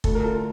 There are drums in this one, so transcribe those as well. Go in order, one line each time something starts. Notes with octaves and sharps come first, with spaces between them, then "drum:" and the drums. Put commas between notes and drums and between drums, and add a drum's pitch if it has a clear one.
D2 A4, drum: kick
A#4
F4 A4